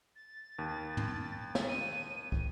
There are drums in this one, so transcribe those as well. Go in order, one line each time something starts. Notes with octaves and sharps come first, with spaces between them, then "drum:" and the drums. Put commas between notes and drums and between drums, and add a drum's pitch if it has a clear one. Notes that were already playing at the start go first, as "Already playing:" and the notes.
A6
D#2
drum: tom
drum: snare
D#7
drum: kick